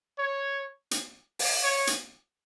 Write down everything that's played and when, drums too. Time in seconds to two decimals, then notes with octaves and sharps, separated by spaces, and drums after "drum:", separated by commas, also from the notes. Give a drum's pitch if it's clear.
0.19 C#5
0.91 drum: hi-hat
1.39 drum: open hi-hat
1.63 C#5
1.87 drum: hi-hat